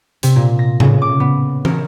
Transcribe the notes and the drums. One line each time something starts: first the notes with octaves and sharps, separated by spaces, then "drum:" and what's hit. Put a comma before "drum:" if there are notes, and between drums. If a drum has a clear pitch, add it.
C3, drum: hi-hat
A#2
A#6
C#3, drum: tom A2
D6
B3
A#4, drum: tom